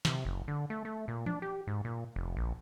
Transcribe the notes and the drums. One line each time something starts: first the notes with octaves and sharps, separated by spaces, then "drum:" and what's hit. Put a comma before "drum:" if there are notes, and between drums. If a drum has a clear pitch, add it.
C3, drum: snare
F#1
D3
A3
A3
A#2
D4, drum: tom E3
G4
G#2
A#2
F1
A#1